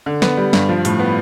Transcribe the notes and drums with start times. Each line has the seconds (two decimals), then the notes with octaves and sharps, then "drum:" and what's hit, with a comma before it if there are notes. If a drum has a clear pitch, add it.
0.06 D3
0.22 B3, drum: snare
0.37 G3
0.53 G2, drum: snare
0.69 F3
0.85 A2, drum: hi-hat
0.99 B3